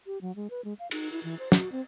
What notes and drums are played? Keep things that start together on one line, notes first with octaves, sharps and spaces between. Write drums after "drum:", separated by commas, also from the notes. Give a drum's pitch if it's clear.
G4
F#3
G#3
B4
G#3
F5
D#4, drum: cymbal
E4
E3
C5
F#4, drum: snare
C4